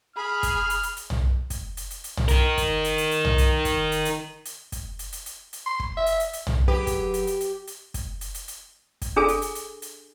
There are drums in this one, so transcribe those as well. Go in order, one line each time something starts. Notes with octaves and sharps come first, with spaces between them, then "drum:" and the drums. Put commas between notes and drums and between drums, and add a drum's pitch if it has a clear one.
G#4 B5 F6
drum: kick, hi-hat
drum: hi-hat
drum: hi-hat
drum: hi-hat
drum: tom
drum: kick, hi-hat
drum: hi-hat
drum: hi-hat
drum: hi-hat
drum: tom
D#4 A#4, drum: hi-hat
drum: kick, hi-hat
drum: hi-hat
drum: hi-hat
drum: hi-hat
drum: tom
drum: hi-hat
drum: kick, hi-hat
drum: hi-hat
drum: hi-hat
drum: hi-hat
drum: kick, hi-hat
drum: hi-hat
drum: hi-hat
drum: hi-hat
drum: hi-hat
C6
drum: kick
E5
drum: hi-hat
drum: hi-hat
drum: hi-hat
drum: tom
F#3 G4 G#4 B4
drum: kick, hi-hat
drum: hi-hat
drum: hi-hat
drum: hi-hat
drum: hi-hat
drum: kick, hi-hat
drum: hi-hat
drum: hi-hat
drum: hi-hat
drum: kick, hi-hat
D4 G#4 A4 G#5
drum: hi-hat
drum: hi-hat
drum: hi-hat
drum: hi-hat